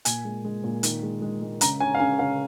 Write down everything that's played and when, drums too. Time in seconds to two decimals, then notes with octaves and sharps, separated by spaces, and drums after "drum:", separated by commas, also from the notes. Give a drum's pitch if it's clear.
0.05 A#2 G#5, drum: hi-hat
0.25 G#3
0.45 G#3
0.64 A#2
0.83 D#3, drum: hi-hat
1.03 G#3
1.22 G#3
1.42 G#3
1.61 C#3 A#5, drum: hi-hat
1.80 C#4 G#5
1.95 F5
2.00 C#3 G#5
2.19 C#4 F5